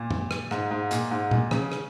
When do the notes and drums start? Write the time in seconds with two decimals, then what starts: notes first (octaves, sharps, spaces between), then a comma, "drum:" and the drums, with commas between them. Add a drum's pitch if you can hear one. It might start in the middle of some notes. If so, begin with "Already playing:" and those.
Already playing: A#2
0.11 drum: tom F#2
0.31 drum: rim click
0.51 G#2, drum: rim click
0.71 G#2
0.91 A#2, drum: hi-hat
1.11 G#2
1.31 A#2, drum: tom A#2
1.51 C#3, drum: rim click
1.72 drum: rim click